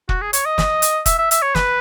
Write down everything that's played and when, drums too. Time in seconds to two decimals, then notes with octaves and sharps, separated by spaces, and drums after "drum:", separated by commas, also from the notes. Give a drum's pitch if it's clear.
0.09 F#4, drum: kick
0.21 G#4
0.33 C#5, drum: hi-hat
0.46 D#5
0.58 drum: snare
0.82 drum: hi-hat
1.06 E5, drum: kick, hi-hat
1.18 E5
1.31 E5, drum: hi-hat
1.42 C#5
1.55 B4, drum: snare